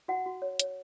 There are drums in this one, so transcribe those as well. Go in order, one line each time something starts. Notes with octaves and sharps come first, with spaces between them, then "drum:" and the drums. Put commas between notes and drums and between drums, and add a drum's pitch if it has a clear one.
F#4 F#5
F#4
C#5
C#5, drum: hi-hat